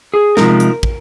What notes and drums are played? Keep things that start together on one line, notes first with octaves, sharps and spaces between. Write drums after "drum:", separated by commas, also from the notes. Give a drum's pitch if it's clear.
G#4
C3 F3 G#3 C4 D#4 A#4, drum: snare
drum: hi-hat
drum: kick